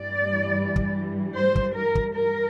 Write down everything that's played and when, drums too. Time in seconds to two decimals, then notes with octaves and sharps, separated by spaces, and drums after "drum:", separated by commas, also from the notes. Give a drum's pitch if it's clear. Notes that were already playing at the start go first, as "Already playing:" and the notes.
Already playing: G2 E3 G3 D5
0.76 drum: kick
1.36 C5
1.55 drum: kick
1.75 A#4
1.95 drum: kick
2.15 A#4